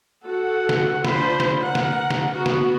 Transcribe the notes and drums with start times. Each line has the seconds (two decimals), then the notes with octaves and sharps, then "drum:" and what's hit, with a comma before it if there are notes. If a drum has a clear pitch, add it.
0.24 F#4 A4 F#5
0.69 drum: snare
1.04 D4 F4 C5 B5, drum: snare
1.40 drum: snare
1.61 A#4 F#5
1.75 drum: snare
2.10 drum: snare
2.34 B3 F#4
2.46 drum: snare